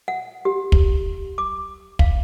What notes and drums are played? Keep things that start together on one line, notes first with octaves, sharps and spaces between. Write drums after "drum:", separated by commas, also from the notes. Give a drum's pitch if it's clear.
F#5
G4
drum: kick
D6
F5, drum: kick